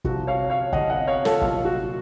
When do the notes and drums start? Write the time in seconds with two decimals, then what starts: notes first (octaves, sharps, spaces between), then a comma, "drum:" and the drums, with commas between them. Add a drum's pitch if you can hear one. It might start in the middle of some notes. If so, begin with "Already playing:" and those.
0.04 C2 C3 F3 F#4, drum: kick
0.27 C#5 F5
0.50 C#5 F5
0.73 C2 C3 F3 D#5 F#5, drum: kick
0.90 D#5 F#5
1.07 C#5 F5
1.25 F4 A4, drum: snare
1.41 C2 A#2 F#3 F4, drum: kick
1.65 F#4